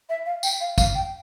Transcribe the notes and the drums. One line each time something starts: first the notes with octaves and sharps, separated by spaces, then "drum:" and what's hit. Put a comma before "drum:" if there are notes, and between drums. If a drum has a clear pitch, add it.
E5
F5
G5, drum: tambourine
F5
F5, drum: kick, tambourine
G5